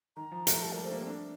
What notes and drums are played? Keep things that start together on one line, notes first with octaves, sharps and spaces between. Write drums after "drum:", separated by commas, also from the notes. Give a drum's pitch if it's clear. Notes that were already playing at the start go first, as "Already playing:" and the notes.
D#3 A#5
F3
A3, drum: hi-hat
G3 A5
G3 A#4
A3 C5
A#3
C4
D4